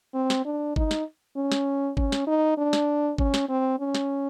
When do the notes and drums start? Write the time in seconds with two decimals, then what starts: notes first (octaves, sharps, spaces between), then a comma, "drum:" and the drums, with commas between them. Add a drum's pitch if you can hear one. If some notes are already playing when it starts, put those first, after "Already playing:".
0.14 C4
0.30 drum: snare
0.45 D4
0.76 D#4, drum: kick
0.91 drum: snare
1.36 C#4
1.52 drum: snare
1.97 C#4, drum: kick
2.12 drum: snare
2.27 D#4
2.57 D4
2.73 drum: snare
3.18 C#4, drum: kick
3.34 drum: snare
3.49 C4
3.79 C#4
3.95 drum: snare